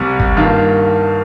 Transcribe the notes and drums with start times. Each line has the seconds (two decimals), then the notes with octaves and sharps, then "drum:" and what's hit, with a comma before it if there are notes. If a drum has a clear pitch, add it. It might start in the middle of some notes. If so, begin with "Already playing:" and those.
Already playing: C2 C3 G3
0.20 drum: kick
0.37 G2 D#3 A#3 F4